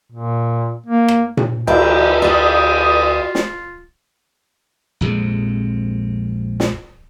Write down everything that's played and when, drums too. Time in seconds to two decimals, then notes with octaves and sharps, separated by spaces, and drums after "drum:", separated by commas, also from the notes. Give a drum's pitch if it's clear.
0.12 A#2
0.87 A#3
1.08 drum: rim click
1.37 drum: tom A#2
1.67 D2 E3 D5 G5, drum: cymbal
2.22 D4 F4 F#4 D5 G5 D#6
3.35 drum: snare
5.01 A#1 F2 C3 G#3
6.60 drum: snare